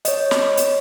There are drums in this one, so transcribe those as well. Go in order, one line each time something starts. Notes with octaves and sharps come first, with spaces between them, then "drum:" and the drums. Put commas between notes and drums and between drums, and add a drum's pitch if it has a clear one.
C#5 D#5, drum: hi-hat
drum: snare
drum: hi-hat